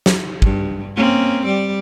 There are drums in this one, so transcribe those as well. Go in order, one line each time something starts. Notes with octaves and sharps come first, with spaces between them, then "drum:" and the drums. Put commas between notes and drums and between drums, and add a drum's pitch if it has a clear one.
drum: snare
G2, drum: kick
A#3 C4 C#4
G3 D5